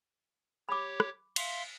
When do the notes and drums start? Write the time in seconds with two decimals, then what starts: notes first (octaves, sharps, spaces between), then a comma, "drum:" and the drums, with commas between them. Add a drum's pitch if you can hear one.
0.69 G4 C#5 B5 D6
1.00 drum: rim click
1.36 E5 F5 C6, drum: cymbal